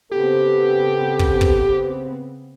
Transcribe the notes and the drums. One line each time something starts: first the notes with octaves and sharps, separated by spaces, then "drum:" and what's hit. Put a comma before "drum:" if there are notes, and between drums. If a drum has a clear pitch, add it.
C#3 B3 C4 G4 A4
drum: kick
drum: kick